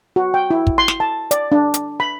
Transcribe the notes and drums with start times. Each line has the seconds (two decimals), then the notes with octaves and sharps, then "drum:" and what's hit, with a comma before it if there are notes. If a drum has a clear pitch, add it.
0.16 F#4
0.34 G5
0.51 E4
0.67 drum: kick
0.78 C6
0.88 drum: snare
1.00 A5
1.31 D5, drum: hi-hat
1.52 D4
1.74 drum: hi-hat
2.00 B5